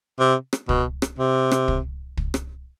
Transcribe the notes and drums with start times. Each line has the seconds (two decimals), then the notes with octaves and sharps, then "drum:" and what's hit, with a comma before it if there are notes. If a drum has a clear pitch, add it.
0.19 C3
0.53 drum: rim click
0.69 B2, drum: kick
1.02 drum: rim click
1.19 C3
1.51 drum: rim click
1.68 drum: kick
2.17 drum: kick
2.34 drum: rim click